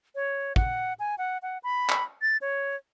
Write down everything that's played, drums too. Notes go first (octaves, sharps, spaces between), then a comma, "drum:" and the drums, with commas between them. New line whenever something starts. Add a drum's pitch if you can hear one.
C#5
F#5, drum: kick
G#5
F#5
F#5
B5
drum: clap
A6
C#5